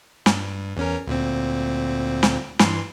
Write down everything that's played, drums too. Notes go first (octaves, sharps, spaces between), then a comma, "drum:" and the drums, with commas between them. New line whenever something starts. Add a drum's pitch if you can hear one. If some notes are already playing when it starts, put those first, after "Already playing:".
G2, drum: snare
E2 C#4 A#4
D2 A#2 C4
drum: snare
G2 E3 C6, drum: snare